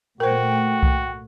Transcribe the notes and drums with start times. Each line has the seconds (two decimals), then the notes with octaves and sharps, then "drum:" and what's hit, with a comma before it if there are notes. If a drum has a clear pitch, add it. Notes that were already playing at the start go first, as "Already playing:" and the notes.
0.20 A#2 A3 F#4 A#4 C5 G5
0.83 drum: kick C2